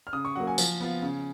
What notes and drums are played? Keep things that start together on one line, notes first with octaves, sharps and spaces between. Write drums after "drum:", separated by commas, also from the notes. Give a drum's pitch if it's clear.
F6
C#3 D#6
C#6
F#3 A#3 F#5
G#5
F3, drum: tambourine
B3 F4
C#3